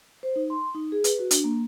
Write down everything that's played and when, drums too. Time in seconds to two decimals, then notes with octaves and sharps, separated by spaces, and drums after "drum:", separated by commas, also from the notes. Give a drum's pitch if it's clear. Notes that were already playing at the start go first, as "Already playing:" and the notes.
0.23 C5
0.36 D#4
0.50 C6
0.75 D#4
0.92 G#4
1.04 B4, drum: hi-hat
1.19 F#4
1.31 D4, drum: hi-hat
1.44 A#3